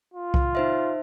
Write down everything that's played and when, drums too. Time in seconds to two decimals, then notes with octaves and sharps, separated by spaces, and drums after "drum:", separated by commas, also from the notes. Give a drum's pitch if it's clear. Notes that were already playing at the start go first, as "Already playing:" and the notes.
0.14 F4
0.34 drum: kick C2
0.55 D#4 C5 E5